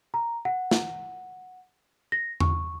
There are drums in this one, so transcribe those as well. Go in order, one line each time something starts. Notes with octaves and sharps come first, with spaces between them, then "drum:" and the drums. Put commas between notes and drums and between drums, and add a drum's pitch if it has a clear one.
A#5
F#5
drum: snare
A#6
C#6, drum: tom E2